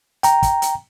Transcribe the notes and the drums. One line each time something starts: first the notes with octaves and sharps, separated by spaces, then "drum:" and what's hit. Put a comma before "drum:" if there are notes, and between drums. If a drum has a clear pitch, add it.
G5 A#5, drum: hi-hat
drum: kick, hi-hat
drum: hi-hat